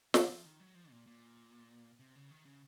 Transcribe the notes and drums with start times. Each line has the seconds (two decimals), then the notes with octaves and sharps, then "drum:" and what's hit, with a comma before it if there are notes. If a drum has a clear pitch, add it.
0.14 F3, drum: snare
0.29 F3
0.45 D#3
0.60 F#3
0.75 F3
0.91 A#2
1.07 A#2
2.00 C3
2.15 C#3
2.31 D#3
2.45 C#3